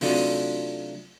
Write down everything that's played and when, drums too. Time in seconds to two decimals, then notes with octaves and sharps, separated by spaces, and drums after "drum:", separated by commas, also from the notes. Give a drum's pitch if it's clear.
0.01 C3 F#3 A3 D4 D#4 F4, drum: open hi-hat